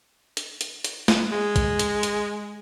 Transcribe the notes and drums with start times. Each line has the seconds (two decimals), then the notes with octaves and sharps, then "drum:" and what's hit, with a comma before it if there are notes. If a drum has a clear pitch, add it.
0.37 drum: hi-hat
0.61 drum: hi-hat
0.84 drum: hi-hat
1.08 drum: snare
1.32 G#3
1.56 drum: kick, hi-hat
1.79 drum: hi-hat
2.03 drum: hi-hat